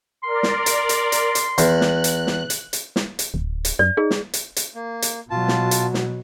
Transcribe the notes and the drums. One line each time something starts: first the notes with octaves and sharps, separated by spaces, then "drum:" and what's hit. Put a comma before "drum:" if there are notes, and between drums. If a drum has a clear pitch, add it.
A#4 D5 C6
drum: snare
drum: hi-hat
drum: hi-hat
drum: hi-hat
drum: hi-hat
E2 F#6, drum: hi-hat
drum: snare
drum: hi-hat
drum: snare
drum: hi-hat
drum: hi-hat
drum: snare
drum: hi-hat
D1
drum: hi-hat
F#2 D5
D#4 G#4
drum: snare
drum: hi-hat
drum: hi-hat
A#3
drum: hi-hat
B2 F#3 F4 A5
drum: snare
drum: hi-hat
drum: snare